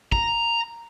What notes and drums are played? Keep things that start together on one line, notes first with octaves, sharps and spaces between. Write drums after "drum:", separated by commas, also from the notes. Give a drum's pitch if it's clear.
A#5, drum: kick